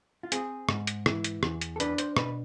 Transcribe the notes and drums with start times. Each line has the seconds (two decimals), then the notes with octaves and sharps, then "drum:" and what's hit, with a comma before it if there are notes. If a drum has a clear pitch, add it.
0.23 F4
0.32 C4 G#4, drum: hi-hat
0.69 G#2, drum: rim click
0.87 drum: hi-hat
1.06 E3, drum: rim click
1.24 drum: hi-hat
1.43 E2, drum: rim click
1.61 drum: hi-hat
1.76 A4
1.80 D4 B4, drum: hi-hat
1.98 C5, drum: hi-hat
2.17 B2 B4, drum: rim click